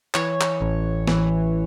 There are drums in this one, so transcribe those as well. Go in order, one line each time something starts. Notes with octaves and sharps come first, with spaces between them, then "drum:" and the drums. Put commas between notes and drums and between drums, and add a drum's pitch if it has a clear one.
E3 C#5, drum: clap
drum: clap
A1
E3, drum: snare